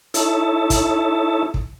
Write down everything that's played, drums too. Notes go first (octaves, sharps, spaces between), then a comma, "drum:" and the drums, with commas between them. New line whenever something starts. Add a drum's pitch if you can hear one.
D#4 E4 A4 C#5 E5 A5, drum: hi-hat
drum: kick, hi-hat
drum: kick